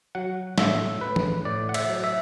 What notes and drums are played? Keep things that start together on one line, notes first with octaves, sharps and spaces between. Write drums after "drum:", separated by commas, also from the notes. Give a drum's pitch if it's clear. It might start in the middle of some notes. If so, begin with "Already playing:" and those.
F#3 F#5
A2 E5, drum: snare
A2 B4
drum: tom E3
A2 D5
F#5
E5, drum: cymbal
F#3
E5